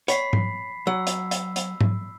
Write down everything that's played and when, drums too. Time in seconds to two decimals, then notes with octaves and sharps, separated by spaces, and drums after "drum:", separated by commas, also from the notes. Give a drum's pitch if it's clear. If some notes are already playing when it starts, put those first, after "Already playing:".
0.08 C#5 B5 B6 C7, drum: hi-hat
0.33 drum: tom G#2
0.87 F#3 E6
1.07 drum: hi-hat
1.31 drum: hi-hat
1.56 drum: hi-hat
1.81 drum: tom G#2